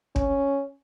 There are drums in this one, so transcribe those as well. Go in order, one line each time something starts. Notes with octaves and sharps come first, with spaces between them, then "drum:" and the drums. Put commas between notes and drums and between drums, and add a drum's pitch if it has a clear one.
C#4, drum: kick